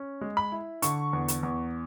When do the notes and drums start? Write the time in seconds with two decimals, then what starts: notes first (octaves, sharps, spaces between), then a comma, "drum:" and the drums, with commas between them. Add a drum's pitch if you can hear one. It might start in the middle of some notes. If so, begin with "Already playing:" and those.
Already playing: C#4
0.21 G#3
0.37 B5
0.52 E4
0.82 D3 C#6, drum: hi-hat
1.13 E2
1.28 drum: hi-hat
1.43 E2